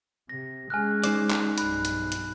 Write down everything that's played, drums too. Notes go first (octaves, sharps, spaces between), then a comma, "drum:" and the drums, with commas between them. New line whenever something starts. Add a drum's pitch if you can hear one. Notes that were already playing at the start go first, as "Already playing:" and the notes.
C3 A#6
G#3 C#4 G#5 F6 F#6
D#4 C5 D5, drum: hi-hat
drum: clap
B1 G2 B5 F#6, drum: hi-hat
drum: hi-hat
drum: hi-hat